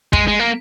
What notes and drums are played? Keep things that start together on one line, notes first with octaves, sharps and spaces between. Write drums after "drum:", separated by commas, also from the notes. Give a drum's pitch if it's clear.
G#3, drum: kick
G#3
A#3